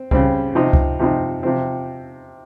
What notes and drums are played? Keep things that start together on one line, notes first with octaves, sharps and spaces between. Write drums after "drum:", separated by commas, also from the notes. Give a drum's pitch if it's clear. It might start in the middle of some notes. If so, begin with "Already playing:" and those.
Already playing: C4
C#3 G3 C4, drum: kick C#2
C3 F3 C4 D#4
drum: kick C#2
C3 F3 C4 D#4
C3 F3 C4